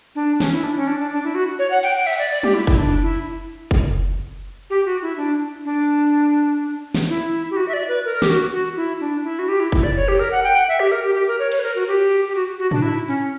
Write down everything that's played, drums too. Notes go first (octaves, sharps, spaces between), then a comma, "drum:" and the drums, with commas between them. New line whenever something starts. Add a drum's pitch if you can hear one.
D4
C#4, drum: snare
E4
D4
C#4
D4
D4
D4
E4
F#4
C#5
F#5
G5, drum: cymbal
F#5
E5, drum: cymbal
D5
D5
G4, drum: tom
E4
E4, drum: kick
D4
E4
drum: kick
G4
F#4
E4
D4
D4
drum: snare
E4
G4
F#4
E5
D5
B4
A#4
G4, drum: snare
F#4
F#4
E4
D4
E4
F#4
G4
E4
E4, drum: kick
D5
C#5
G4
A#4
F#5
G5
F#5
E5
G4
A#4
G4
G4
A#4
C#5
C#5, drum: cymbal
B4
A#4
F#4
G4
G4
F#4
F#4
D4, drum: tom
E4
C#4